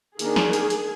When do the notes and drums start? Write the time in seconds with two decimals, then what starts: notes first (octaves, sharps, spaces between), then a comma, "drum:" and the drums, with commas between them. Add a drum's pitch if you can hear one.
0.19 D#3 A#3 D4 G#4, drum: hi-hat
0.36 drum: snare
0.53 drum: hi-hat
0.70 drum: hi-hat